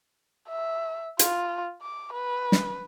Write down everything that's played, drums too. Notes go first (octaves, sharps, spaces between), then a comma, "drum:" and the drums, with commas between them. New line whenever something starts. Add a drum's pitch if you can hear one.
E5
F4, drum: hi-hat
D6
B4
drum: snare